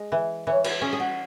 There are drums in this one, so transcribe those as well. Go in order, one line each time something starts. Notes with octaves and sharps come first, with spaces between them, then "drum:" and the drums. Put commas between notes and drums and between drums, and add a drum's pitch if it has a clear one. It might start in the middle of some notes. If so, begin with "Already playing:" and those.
Already playing: G#3
E3
E3 C#5
B4, drum: cymbal
C#4 G#4
G#4
F#4